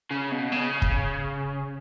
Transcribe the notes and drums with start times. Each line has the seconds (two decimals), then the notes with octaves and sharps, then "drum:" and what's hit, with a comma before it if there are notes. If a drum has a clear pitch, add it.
0.11 C#3
0.32 B2
0.52 C#3
0.82 drum: kick